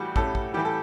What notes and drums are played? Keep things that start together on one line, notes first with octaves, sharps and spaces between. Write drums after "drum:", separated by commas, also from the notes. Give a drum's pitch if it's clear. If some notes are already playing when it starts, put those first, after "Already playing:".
Already playing: A2 E3 G3 F#4
A2 A4, drum: kick
drum: kick
E3 G3 G4
A4